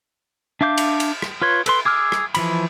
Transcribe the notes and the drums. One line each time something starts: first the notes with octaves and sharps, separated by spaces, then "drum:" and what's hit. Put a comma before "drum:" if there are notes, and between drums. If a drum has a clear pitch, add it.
D4 E5 F5 D6 G6
drum: cymbal
drum: cymbal
drum: rim click
F4 B4 C#5 C6
A4 B4 C6, drum: cymbal
G#4 D6 E6 F6
drum: rim click
E3 F3 B5, drum: cymbal